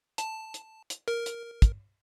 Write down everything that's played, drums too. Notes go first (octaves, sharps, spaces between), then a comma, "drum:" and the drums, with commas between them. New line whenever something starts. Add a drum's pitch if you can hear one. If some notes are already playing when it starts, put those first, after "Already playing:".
A5, drum: hi-hat
drum: hi-hat
drum: hi-hat
A#4
drum: hi-hat
drum: kick, hi-hat